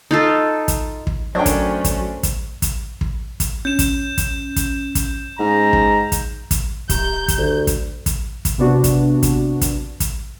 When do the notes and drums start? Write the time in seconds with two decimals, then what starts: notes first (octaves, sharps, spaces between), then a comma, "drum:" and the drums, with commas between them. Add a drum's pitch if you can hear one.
0.11 D#4 F4 A4
0.68 drum: kick, hi-hat
1.07 drum: kick
1.35 F#3 A3 C#4 D4 A#4 C5 G5
1.46 drum: kick, hi-hat
1.84 drum: kick, hi-hat
2.23 drum: kick, hi-hat
2.62 drum: kick, hi-hat
3.01 drum: kick
3.40 drum: kick, hi-hat
3.65 C#4 G6 E7
3.79 drum: kick, hi-hat
4.18 drum: kick, hi-hat
4.56 drum: kick, hi-hat
4.95 drum: kick, hi-hat
5.39 G#2 A#5
5.73 drum: kick
6.12 drum: kick, hi-hat
6.51 drum: kick, hi-hat
6.90 D1 G4 A#5 G6, drum: kick, hi-hat
7.28 drum: kick, hi-hat
7.38 D2
7.67 drum: kick, hi-hat
8.06 drum: kick, hi-hat
8.45 drum: kick, hi-hat
8.58 C3 B3 D4 F#4
8.84 drum: kick, hi-hat
9.23 drum: kick, hi-hat
9.61 drum: kick, hi-hat
10.00 drum: kick, hi-hat